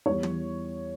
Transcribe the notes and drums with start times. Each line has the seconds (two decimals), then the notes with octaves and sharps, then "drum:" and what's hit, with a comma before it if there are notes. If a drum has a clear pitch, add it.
0.06 E2 E3 G3 C#5
0.23 drum: tom